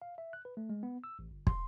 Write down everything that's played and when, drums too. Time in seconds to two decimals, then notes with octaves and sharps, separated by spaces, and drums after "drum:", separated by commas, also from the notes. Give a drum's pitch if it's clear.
0.02 F5
0.18 E5
0.33 F#6
0.45 B4
0.57 A3
0.70 G#3
0.83 B3
1.04 E6
1.19 A1
1.31 G1
1.47 C6, drum: kick